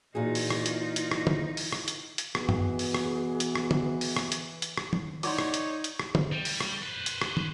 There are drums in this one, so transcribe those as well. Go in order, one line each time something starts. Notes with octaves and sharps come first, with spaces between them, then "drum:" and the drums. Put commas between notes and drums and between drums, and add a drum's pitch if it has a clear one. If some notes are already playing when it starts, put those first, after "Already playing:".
A#2 E3 D#4 F4 F#4 G#4
drum: open hi-hat
drum: rim click
drum: hi-hat
drum: hi-hat
drum: rim click
drum: tom D3
drum: open hi-hat
drum: rim click
drum: hi-hat
drum: hi-hat
B2 E3 G#4, drum: rim click
drum: tom F#2
drum: open hi-hat
drum: rim click
drum: hi-hat
drum: rim click
drum: tom D3
drum: open hi-hat
drum: rim click
drum: hi-hat
drum: hi-hat
drum: rim click
drum: tom
D#4 E4 C#5 D5 F#5 C6, drum: open hi-hat
drum: rim click
drum: hi-hat
drum: hi-hat
drum: rim click
drum: tom D3
G3
drum: open hi-hat
drum: rim click
B4 C5
drum: hi-hat
drum: rim click
drum: tom